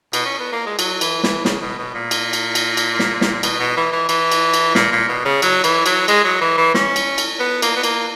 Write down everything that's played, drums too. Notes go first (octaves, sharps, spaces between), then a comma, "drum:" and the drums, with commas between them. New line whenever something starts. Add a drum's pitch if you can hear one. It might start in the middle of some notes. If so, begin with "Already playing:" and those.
B2, drum: cymbal
C#4
B3
A#3
G#3
F#3, drum: cymbal
E3, drum: cymbal
E3, drum: snare
C#3, drum: snare
B2
B2
A#2
drum: cymbal
drum: cymbal
drum: cymbal
drum: cymbal
drum: snare
drum: snare
B2, drum: cymbal
B2
E3
E3
E3, drum: cymbal
drum: cymbal
drum: cymbal
A#2, drum: snare
A#2
B2
C#3
F#3, drum: cymbal
E3, drum: cymbal
F#3, drum: cymbal
G#3, drum: cymbal
F#3
E3
E3
C#4, drum: snare
drum: cymbal
drum: cymbal
B3
A#3, drum: cymbal
B3
A#3, drum: cymbal